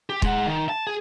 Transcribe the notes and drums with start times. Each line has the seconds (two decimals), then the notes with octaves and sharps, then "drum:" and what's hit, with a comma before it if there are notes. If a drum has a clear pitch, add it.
0.10 G4
0.22 G#3 F#5, drum: kick
0.46 D#3
0.69 A5
0.87 G#4